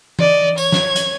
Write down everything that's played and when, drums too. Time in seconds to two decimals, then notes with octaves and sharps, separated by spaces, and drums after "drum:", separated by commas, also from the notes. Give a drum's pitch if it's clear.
0.19 D5 D#5, drum: tom E3
0.58 C#5 G#6, drum: tambourine
0.72 drum: snare
0.96 drum: hi-hat